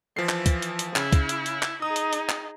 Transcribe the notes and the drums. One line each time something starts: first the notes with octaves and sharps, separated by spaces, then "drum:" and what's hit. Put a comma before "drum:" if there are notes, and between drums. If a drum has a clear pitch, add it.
E3 F3 C7
drum: clap
drum: kick, hi-hat
drum: hi-hat
drum: hi-hat
C#3 E4, drum: clap
drum: kick, hi-hat
drum: hi-hat
drum: hi-hat
drum: clap
D#4 G#4 D#6
drum: hi-hat
drum: hi-hat
drum: clap